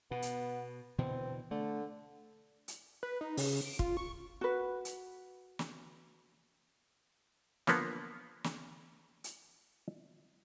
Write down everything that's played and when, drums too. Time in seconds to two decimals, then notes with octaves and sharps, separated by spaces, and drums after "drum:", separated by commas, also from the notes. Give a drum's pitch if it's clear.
0.11 B2 B3
0.22 drum: hi-hat
0.98 B2 D3 E3 C4
1.51 D3 A3
2.68 drum: hi-hat
3.03 B4
3.21 D#4
3.37 C#3, drum: open hi-hat
3.61 D7
3.79 F4, drum: kick
3.97 C#6
4.41 F#4 B4
4.85 drum: hi-hat
5.59 drum: snare
7.67 D3 F3 A#3 B3, drum: snare
8.44 drum: snare
9.24 drum: hi-hat